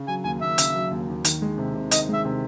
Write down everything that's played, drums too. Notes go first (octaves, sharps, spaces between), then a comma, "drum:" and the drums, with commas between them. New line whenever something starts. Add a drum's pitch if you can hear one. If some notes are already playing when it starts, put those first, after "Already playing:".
Already playing: C#3
F#3 G#5
D#2 G#5
D#2 E5
C#3, drum: hi-hat
F#3
D#2
D#2
D#3, drum: hi-hat
G#3
C3
C3
D#3 D#5, drum: hi-hat
G#3 E5
C3